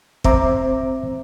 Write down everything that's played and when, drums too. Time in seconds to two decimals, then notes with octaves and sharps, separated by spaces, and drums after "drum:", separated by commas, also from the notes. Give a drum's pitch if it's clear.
0.24 C4 C5 E5 A#5 D6, drum: kick